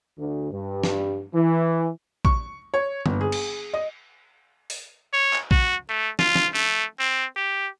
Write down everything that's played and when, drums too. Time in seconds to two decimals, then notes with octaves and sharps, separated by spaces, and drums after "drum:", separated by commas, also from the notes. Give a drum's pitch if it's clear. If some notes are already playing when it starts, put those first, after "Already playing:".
0.18 D2
0.51 G2
0.84 drum: snare
1.34 E3
2.25 C#6, drum: kick A#1
2.74 C#5
3.06 G1, drum: tom D3
3.21 G#4
3.32 drum: cymbal
3.73 D#5
4.70 drum: open hi-hat
5.13 C#5
5.33 drum: clap
5.51 F#4, drum: kick A#1
5.89 A3
6.19 F4, drum: snare
6.35 drum: snare
6.54 A3
6.99 C4
7.36 G4